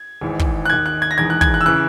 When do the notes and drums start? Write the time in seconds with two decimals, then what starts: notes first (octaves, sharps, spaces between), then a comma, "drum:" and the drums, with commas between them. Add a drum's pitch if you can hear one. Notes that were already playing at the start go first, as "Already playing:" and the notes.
Already playing: G#6
0.21 G#1 G#2 E3
0.39 drum: kick
0.65 F#6
0.70 D#2 D#3 G#6
0.86 F#6
1.02 G#6
1.11 A#6
1.18 E1 E2 D#3 G#6
1.30 F#6
1.41 G#6, drum: kick
1.54 F#6
1.61 E6
1.66 C#3 E3 F#6